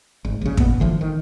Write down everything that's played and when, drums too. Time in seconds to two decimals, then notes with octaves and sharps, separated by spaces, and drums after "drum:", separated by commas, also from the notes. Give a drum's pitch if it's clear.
0.25 G#1
0.41 A#1 C#3
0.57 G1 A#2 A#3 B3, drum: kick
0.80 D3 E3 F3
1.01 D#3